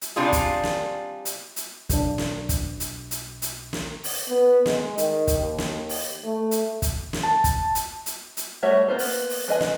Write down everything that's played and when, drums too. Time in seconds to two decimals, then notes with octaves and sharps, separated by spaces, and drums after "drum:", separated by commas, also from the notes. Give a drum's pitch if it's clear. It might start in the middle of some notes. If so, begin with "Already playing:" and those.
0.02 drum: hi-hat
0.16 C3 G3 D4 F4 G#4
0.32 drum: kick, hi-hat
0.63 drum: snare
1.25 drum: hi-hat
1.56 drum: hi-hat
1.90 B1 D4, drum: kick, hi-hat
2.18 drum: snare
2.49 drum: kick, hi-hat
2.80 drum: hi-hat
3.11 drum: hi-hat
3.42 drum: hi-hat
3.73 drum: snare
4.04 drum: open hi-hat
4.28 B3
4.66 G#3, drum: snare
4.98 D#3, drum: hi-hat
5.27 drum: kick, hi-hat
5.39 D#2
5.58 drum: snare
5.89 drum: open hi-hat
6.24 A3
6.51 drum: hi-hat
6.82 drum: kick, hi-hat
7.13 drum: snare
7.23 A5
7.44 drum: kick, hi-hat
7.75 drum: hi-hat
8.06 drum: hi-hat
8.37 drum: hi-hat
8.63 G3 A3 F#4 C#5 E5
8.88 A#3 B3 D#4 F4 C5
8.99 drum: open hi-hat
9.30 drum: open hi-hat
9.48 G#3 B4 D#5 G#5
9.61 drum: snare